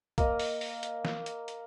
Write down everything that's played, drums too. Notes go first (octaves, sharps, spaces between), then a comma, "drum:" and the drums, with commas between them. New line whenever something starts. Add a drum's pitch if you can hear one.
A#3 D#5, drum: kick, hi-hat
drum: open hi-hat
drum: open hi-hat
drum: hi-hat
drum: snare
drum: hi-hat
drum: hi-hat